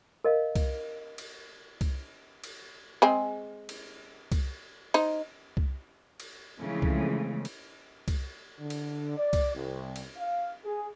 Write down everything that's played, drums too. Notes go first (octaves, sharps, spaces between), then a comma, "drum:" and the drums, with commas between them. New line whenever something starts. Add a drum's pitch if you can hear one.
A#4 D#5 F5
drum: kick C2, cymbal
drum: cymbal
drum: kick C2, cymbal
drum: cymbal
G#3 C4 G#4
drum: cymbal
drum: kick C2, cymbal
D#4 C5, drum: cymbal
drum: kick C2
drum: cymbal
C#3 E3 F3 G#3 A3 C4
drum: kick C2
drum: cymbal
drum: kick C2, cymbal
D3
drum: cymbal
D5
drum: kick C2, cymbal
C2
drum: cymbal
F5
G#4